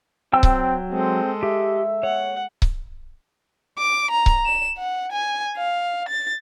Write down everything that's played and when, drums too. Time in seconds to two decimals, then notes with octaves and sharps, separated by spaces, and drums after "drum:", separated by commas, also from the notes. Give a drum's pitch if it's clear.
0.33 F#3 C4 G5 E6
0.43 drum: kick C#1
0.92 G#3 C4 A4
1.43 G4 E5
2.03 C#5 F#5
2.62 drum: kick C#1
3.78 D6
4.10 A#5
4.26 drum: kick C#1
4.46 E7
4.77 F#5
5.12 G#5
5.57 F5
6.08 A6